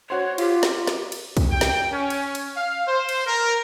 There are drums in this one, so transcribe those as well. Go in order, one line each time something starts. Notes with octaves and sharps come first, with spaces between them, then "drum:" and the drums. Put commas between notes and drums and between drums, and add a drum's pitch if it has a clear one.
F#4 C5 C#5
F4 G4, drum: cymbal
drum: snare
F4
drum: snare
drum: cymbal
drum: kick, cymbal
G5
drum: snare
C#4
drum: cymbal
drum: cymbal
F5
C5
drum: cymbal
A#4